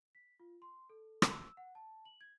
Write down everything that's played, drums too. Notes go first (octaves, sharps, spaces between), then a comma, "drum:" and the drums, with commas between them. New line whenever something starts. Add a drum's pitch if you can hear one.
B6
F4
C6
A4
drum: rim click
E6
F#5
A5
F#7
G#6